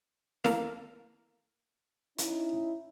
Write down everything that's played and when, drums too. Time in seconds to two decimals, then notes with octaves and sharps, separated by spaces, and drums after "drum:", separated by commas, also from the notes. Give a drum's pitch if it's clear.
0.45 A#3 A4 A#4, drum: snare E4
2.18 C#4 D#4 E4, drum: hi-hat